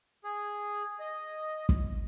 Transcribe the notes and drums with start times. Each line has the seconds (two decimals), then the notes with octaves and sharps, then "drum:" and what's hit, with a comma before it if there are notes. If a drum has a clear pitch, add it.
0.24 G#4
1.00 D#5
1.69 drum: kick